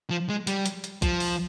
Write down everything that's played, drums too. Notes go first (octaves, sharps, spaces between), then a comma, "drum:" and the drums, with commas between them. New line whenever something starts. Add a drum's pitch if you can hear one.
F3
G#3
G3, drum: hi-hat
drum: hi-hat
drum: hi-hat
F3, drum: kick, hi-hat
drum: open hi-hat